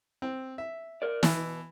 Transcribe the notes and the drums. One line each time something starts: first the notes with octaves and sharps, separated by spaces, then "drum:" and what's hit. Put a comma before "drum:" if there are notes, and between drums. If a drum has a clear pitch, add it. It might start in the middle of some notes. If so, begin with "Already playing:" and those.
C4
E5
A#4 D5
B2 E3, drum: snare